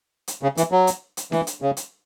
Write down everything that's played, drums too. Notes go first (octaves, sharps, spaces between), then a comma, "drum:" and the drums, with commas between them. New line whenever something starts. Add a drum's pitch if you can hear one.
drum: hi-hat
C#3
E3, drum: hi-hat
F#3
drum: hi-hat
drum: hi-hat
E3, drum: snare D4
drum: hi-hat
C#3
drum: hi-hat